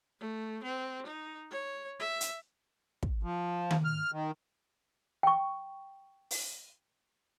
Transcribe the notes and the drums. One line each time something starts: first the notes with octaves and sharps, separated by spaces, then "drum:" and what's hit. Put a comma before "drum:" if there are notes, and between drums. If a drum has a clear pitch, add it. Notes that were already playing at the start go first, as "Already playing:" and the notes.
A3
C4
D#4
C#5
E5
drum: hi-hat
drum: kick
F3
drum: tom D#3
F6
D#3
G5 C#6
drum: open hi-hat